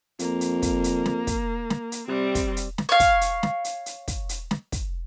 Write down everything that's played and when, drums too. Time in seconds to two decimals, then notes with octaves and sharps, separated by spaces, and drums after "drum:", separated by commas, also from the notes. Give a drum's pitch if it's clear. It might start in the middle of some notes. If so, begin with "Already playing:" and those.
0.19 F2 A#3, drum: hi-hat
0.41 drum: hi-hat
0.62 drum: kick, hi-hat
0.84 drum: hi-hat
1.06 drum: snare
1.27 drum: kick, hi-hat
1.70 drum: snare
1.92 drum: hi-hat
2.08 C3 G3 C4
2.35 drum: kick, hi-hat
2.57 drum: hi-hat
2.78 drum: snare
2.89 C#5 F5
3.00 drum: kick, hi-hat
3.21 drum: hi-hat
3.43 drum: snare
3.64 drum: hi-hat
3.86 drum: hi-hat
4.08 drum: kick, hi-hat
4.29 drum: hi-hat
4.51 drum: snare
4.72 drum: kick, hi-hat